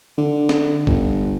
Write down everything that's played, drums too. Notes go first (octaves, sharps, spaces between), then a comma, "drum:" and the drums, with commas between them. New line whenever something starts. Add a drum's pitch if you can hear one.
D3
drum: snare
G1, drum: kick